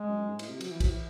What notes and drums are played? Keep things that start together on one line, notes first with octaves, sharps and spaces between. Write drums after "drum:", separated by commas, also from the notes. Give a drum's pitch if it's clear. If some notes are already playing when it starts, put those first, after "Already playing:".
Already playing: G#3
F#2
F#2
G#2
A2, drum: cymbal
C3
F#3, drum: cymbal
E3
F#3, drum: kick, cymbal
E3